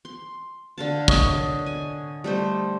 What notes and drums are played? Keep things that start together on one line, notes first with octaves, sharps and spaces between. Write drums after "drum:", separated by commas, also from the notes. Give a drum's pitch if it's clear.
C6
D3 F5 A5
C#5 D#5, drum: kick
G#5
G3 A3 C5